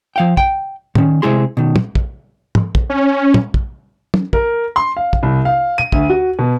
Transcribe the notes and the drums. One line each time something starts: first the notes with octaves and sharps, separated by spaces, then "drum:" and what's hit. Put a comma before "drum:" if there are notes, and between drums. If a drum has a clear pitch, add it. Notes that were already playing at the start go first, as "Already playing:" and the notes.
F3 F5 G5
G5, drum: kick
D#3 C#4, drum: tom
C3 G#3 E4 G#4 C6
B2 D#3
drum: tom
drum: kick
drum: tom
drum: kick
C#4
drum: tom
drum: kick
drum: tom
A#4, drum: kick
C6
F5
drum: kick
C2
F5
D#7
D2, drum: kick
F#4
B2